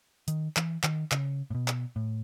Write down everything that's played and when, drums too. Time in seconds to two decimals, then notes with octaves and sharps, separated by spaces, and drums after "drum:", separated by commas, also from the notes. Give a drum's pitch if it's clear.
0.28 D#3, drum: hi-hat
0.57 E3, drum: clap
0.84 D#3, drum: clap
1.12 C#3, drum: clap
1.50 A2
1.55 B2
1.68 drum: clap
1.96 A2